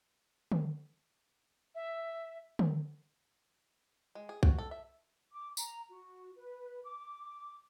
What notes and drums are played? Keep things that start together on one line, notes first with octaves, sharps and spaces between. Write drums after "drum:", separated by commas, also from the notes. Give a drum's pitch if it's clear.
drum: tom D3
E5
drum: tom D3
G#3
G#4
F#4, drum: kick B1
A4
E5
D6
A#5, drum: tambourine
F#4
B4
D6